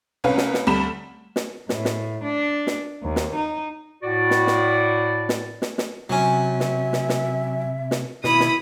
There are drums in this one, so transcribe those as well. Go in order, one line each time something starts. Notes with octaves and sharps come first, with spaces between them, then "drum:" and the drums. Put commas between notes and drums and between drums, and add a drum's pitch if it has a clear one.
C2 C#4 B4 F5
drum: snare
drum: snare
D2 G3 B5 E7
drum: snare
A2, drum: snare
drum: snare
D4
drum: snare
D#2
drum: snare
D#4
A2 F#4 D5
drum: snare
drum: snare
drum: snare
drum: snare
drum: snare
C3 F#3 C#4 E5
drum: snare
drum: snare
drum: snare
drum: snare
B2 D#3 E4 B5 D#6, drum: snare
drum: snare